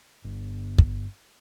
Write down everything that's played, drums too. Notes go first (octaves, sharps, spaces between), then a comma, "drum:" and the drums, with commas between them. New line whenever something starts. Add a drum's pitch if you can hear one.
G1
drum: kick